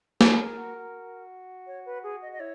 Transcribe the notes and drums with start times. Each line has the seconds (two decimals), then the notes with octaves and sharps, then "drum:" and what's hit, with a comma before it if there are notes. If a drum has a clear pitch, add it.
0.21 A#4, drum: snare
0.39 G#4
0.57 F#4
0.75 F#4
1.67 C#5
1.85 B4
2.03 G#4
2.22 D#5
2.32 D#5
2.40 E4 C#5